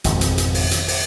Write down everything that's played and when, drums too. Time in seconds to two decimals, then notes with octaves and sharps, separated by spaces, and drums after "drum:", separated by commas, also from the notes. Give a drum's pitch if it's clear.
0.04 G#1 F2 G#2 B2, drum: hi-hat
0.21 drum: hi-hat
0.38 drum: hi-hat
0.54 drum: open hi-hat
0.71 drum: hi-hat
0.88 drum: open hi-hat